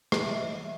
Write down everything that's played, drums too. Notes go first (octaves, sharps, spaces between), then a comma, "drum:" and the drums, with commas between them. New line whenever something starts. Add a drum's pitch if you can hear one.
E3 D#5, drum: rim click
E5
D#5
G3
E5